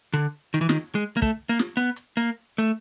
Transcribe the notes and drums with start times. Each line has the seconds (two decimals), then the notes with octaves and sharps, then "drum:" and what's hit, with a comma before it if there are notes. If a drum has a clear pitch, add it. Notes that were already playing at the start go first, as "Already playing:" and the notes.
0.14 D3
0.54 D#3
0.61 E3
0.69 D#3, drum: snare
0.95 G#3
1.17 A#3
1.22 A3, drum: kick
1.49 A#3
1.59 drum: snare
1.77 B3
1.96 drum: hi-hat
2.17 A#3
2.58 A3